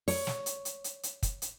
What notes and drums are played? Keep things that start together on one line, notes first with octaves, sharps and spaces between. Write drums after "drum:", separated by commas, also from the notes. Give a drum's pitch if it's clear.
C#5, drum: open hi-hat
drum: snare
drum: hi-hat
drum: hi-hat
drum: hi-hat
drum: hi-hat
drum: kick, hi-hat
drum: hi-hat